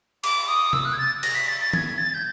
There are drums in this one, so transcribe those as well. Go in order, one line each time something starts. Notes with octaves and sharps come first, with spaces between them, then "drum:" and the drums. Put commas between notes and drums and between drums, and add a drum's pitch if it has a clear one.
D6, drum: cymbal
D#6
E6, drum: tom C3
F#6
G#6
A6
A#6, drum: cymbal
B6
A6
A6
G#6, drum: tom D#3
A6
G6